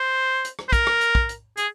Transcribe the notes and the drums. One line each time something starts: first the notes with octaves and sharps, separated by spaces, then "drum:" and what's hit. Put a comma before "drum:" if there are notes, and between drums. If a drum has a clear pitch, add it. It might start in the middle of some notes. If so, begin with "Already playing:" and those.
Already playing: C5
drum: hi-hat
drum: rim click
C5
A#4, drum: kick, hi-hat
drum: rim click
drum: hi-hat
drum: kick
drum: hi-hat
G#4, drum: hi-hat